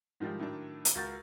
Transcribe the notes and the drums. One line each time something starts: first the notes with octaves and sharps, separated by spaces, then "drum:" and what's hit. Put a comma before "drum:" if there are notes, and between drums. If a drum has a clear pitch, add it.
G#2 D#3 F3 G3 G#3
A2 D#3 F#3 D4
drum: hi-hat
C#2 F#4 A#4 C#6 G6 A6